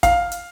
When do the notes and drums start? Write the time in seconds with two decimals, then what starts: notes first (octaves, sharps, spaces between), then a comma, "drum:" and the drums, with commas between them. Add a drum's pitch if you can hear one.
0.03 F5, drum: kick, hi-hat
0.32 drum: hi-hat